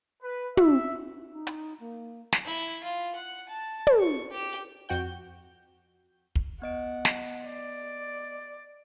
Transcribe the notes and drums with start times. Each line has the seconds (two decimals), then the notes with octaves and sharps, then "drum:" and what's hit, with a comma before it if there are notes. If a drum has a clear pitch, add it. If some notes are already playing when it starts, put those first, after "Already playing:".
0.23 B4
0.57 E5, drum: tom
1.32 D#4
1.47 drum: hi-hat
1.80 A#3
2.33 drum: snare
2.45 E4
2.83 F4
3.15 F#5
3.49 A5
3.87 drum: tom
3.99 C#6
4.31 G4
4.89 F2 F#4 G5 G6
6.36 drum: kick
6.62 B3 D#5 F#5 D7
7.05 drum: snare
7.46 D5